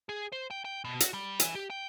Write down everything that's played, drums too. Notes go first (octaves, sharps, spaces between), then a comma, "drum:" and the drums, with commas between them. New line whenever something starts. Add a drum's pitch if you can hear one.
G#4
C5
G5
G5
B2
F#4, drum: hi-hat
G3
E3, drum: hi-hat
G4
G5